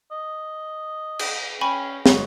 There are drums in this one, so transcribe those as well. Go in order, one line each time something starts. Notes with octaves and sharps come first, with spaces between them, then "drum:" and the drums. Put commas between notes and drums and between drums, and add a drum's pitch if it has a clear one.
D#5
drum: cymbal
C#4 G5 G#5 B5 C#6
G1 G#3 F#4 C#5, drum: snare